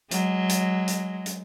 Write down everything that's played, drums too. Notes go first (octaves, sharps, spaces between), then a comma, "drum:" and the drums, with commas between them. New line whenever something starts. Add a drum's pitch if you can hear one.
F#3 G#3, drum: hi-hat
drum: hi-hat
drum: hi-hat
drum: hi-hat